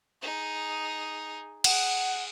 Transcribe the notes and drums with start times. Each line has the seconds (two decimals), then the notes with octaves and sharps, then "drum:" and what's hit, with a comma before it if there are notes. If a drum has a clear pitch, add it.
0.22 D#4 G#4
1.64 G#4 F#5, drum: cymbal